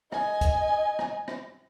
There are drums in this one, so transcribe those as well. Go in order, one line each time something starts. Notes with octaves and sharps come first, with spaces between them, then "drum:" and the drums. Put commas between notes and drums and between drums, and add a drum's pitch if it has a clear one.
D#5 G#5, drum: rim click
drum: kick, hi-hat
drum: rim click
drum: rim click